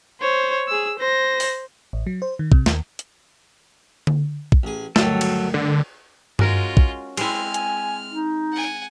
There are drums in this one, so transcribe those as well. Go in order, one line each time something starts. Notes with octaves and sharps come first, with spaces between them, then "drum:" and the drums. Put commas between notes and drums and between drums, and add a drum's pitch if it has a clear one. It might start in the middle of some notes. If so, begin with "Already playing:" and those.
C5 C#5
G#4 E6
C5 A#6
drum: open hi-hat
A1
F#3
C5
D#3
C3, drum: kick
D#2, drum: snare
drum: hi-hat
drum: tom D3
drum: kick
A1 G#4
D2 G2 D#3 F#3 A4, drum: snare
drum: cymbal
D3
G#3 C#4 F4 F#4 A#4, drum: tom G2
drum: kick
G#3 C4 E4 F6, drum: cymbal
G#5, drum: hi-hat
D#4
F#5 G#5